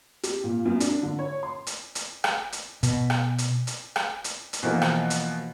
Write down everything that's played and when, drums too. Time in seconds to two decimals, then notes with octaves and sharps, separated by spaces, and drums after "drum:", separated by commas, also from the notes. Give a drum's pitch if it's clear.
0.23 G4, drum: hi-hat
0.44 A#2
0.65 F#2
0.80 D4, drum: hi-hat
1.03 D3
1.19 C#5
1.43 C6
1.67 drum: hi-hat
1.95 drum: hi-hat
2.24 drum: rim click
2.53 drum: hi-hat
2.83 B2, drum: hi-hat
3.10 drum: rim click
3.38 drum: hi-hat
3.67 drum: hi-hat
3.96 drum: rim click
4.24 drum: hi-hat
4.53 drum: hi-hat
4.63 B2 E3 F3 A#3
4.82 drum: rim click
5.10 drum: hi-hat